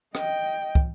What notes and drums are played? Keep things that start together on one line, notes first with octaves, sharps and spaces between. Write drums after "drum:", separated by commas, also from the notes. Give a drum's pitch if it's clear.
D#5 G5, drum: rim click
drum: kick